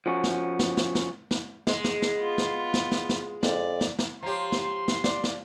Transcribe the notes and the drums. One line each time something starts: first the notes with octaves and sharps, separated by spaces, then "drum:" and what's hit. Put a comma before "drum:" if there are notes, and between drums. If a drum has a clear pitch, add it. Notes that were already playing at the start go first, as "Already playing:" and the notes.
F3 C#4 F#4
drum: snare
drum: snare
drum: snare
drum: snare
drum: snare
G#3, drum: snare
drum: snare
drum: snare
B3 F4
drum: snare
drum: snare
drum: snare
drum: snare
F2 D5, drum: snare
drum: snare
drum: snare
F3 G4 C#5 A#5 C6
drum: snare
drum: snare
D5, drum: snare
drum: snare